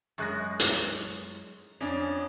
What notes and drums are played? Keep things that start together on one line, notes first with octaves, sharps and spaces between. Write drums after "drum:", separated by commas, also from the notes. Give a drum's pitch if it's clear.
F#2 G#3 C#6 F#6 A#6
drum: hi-hat
F2 C#4 D4